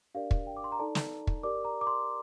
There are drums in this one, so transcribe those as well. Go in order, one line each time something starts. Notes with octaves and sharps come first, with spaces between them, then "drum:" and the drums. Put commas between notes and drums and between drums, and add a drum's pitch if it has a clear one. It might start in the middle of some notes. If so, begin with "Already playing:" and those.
D4 G4 A#4 D5 F5
drum: kick
G5
D6
C6
A#5
D#4 A4 D5 A5
drum: snare
drum: kick
G4 A#4 D5 D6
A#5
D6
C6